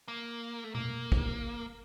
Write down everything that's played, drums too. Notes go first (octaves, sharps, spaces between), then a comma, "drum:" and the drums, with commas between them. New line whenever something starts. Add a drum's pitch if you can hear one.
A#3
A3
A#3, drum: tom B2
drum: kick